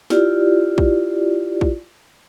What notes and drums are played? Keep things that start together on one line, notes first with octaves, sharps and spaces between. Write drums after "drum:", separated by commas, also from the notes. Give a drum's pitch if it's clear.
E4 F4 G4 D5, drum: snare
drum: kick
drum: kick